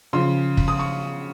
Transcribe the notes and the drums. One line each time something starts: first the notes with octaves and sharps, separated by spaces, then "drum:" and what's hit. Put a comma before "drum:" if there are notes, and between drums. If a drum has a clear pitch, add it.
C#3 F3 C6
drum: kick
D#6
C#6